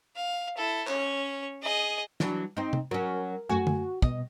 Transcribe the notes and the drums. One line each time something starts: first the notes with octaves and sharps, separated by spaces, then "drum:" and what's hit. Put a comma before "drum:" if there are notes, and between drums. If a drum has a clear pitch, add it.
F5
E4 A4
C#4 C#5, drum: clap
G#4 D#5
E3 F#3 D4, drum: snare
C4 D#4
drum: tom
F#3 C#4 A#4
F#2 A3 F#4 G#5
drum: tom
B2 D#5, drum: kick